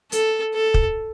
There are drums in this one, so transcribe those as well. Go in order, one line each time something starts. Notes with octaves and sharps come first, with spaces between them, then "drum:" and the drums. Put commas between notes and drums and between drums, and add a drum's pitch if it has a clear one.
A4, drum: hi-hat
A4
drum: kick